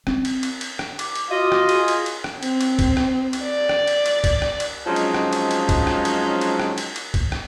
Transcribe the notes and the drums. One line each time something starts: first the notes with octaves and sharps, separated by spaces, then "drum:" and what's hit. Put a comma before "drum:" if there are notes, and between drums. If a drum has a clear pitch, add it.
C4, drum: rim click
drum: cymbal
drum: cymbal
drum: cymbal
drum: rim click
D6, drum: cymbal
drum: cymbal
F4 F#4 D#5
drum: rim click
G#4, drum: cymbal
drum: cymbal
drum: cymbal
drum: rim click
C4, drum: cymbal
drum: cymbal
drum: kick, cymbal
drum: rim click
drum: cymbal
D5
drum: rim click
drum: cymbal
drum: cymbal
drum: kick, cymbal
drum: rim click
drum: cymbal
F3 F#3 G#3 C4 C#4 D#4
drum: cymbal
drum: rim click
drum: cymbal
drum: cymbal
drum: kick, cymbal
drum: rim click
drum: cymbal
drum: cymbal
drum: rim click
drum: cymbal
drum: cymbal
drum: kick, cymbal
drum: rim click